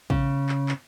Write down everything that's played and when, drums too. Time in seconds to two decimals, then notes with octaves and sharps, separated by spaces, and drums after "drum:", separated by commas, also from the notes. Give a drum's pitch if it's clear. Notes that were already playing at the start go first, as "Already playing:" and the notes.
0.10 C#3, drum: kick
0.49 drum: clap
0.69 drum: clap